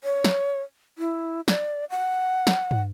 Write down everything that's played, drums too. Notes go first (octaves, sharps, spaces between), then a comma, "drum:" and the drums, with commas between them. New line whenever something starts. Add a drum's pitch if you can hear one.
C#5
drum: snare
E4
D5, drum: snare
F#5
drum: snare
drum: tom